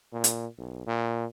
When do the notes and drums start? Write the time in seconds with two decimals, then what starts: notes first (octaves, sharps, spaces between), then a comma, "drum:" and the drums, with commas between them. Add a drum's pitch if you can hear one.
0.13 A#2
0.24 drum: hi-hat
0.58 B1
0.87 A#2